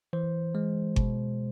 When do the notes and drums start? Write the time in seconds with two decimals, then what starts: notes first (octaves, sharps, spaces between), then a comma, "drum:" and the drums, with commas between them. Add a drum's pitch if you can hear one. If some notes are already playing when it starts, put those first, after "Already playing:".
0.13 E3 C5
0.55 G#3
0.96 B2, drum: kick G1